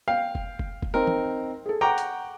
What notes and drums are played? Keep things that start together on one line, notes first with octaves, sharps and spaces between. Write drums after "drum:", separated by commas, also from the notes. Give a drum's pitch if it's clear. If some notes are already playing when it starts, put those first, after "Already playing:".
F5 G5
drum: kick
drum: kick
drum: kick
C4 D#4 A#4
drum: tom
G#4 A4
F#5 G5 A#5 C#6 D6
drum: hi-hat